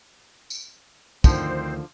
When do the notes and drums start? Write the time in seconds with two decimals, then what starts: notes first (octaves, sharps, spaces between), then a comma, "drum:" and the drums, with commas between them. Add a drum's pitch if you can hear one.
0.50 drum: tambourine
1.24 D2 D3 D#3 F3 C4 C5, drum: kick, tambourine